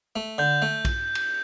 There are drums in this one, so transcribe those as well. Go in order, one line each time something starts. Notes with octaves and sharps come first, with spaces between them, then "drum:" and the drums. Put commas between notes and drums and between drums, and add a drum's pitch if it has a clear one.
A3
D3 G6
A3
drum: kick A#1, cymbal
drum: cymbal